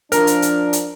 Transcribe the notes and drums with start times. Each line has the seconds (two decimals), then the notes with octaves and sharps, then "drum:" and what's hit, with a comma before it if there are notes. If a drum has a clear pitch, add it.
0.12 F3 D4 A#4, drum: hi-hat
0.27 drum: hi-hat
0.42 drum: hi-hat
0.73 drum: hi-hat